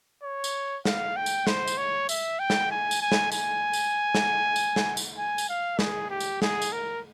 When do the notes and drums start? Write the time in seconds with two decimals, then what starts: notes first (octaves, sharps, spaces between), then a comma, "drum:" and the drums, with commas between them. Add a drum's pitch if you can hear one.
0.23 C#5
0.44 drum: tambourine
0.85 F5, drum: snare
1.16 G5
1.26 drum: tambourine
1.47 C5, drum: snare
1.67 drum: tambourine
1.77 C#5
2.09 E5, drum: tambourine
2.39 G5
2.50 drum: snare
2.70 G#5
2.91 drum: tambourine
3.01 G#5
3.12 drum: snare
3.32 G#5, drum: tambourine
3.73 drum: tambourine
4.15 drum: snare
4.56 drum: tambourine
4.76 drum: snare
4.97 drum: tambourine
5.18 G#5
5.38 drum: tambourine
5.49 F5
5.79 G#4, drum: snare
6.10 G4
6.20 drum: tambourine
6.42 G#4, drum: snare
6.62 drum: tambourine
6.72 A#4